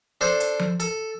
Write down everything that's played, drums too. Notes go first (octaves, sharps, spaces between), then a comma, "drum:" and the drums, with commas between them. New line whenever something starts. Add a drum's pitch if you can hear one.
D4 A4 C5
drum: hi-hat
drum: tom F3
A4, drum: hi-hat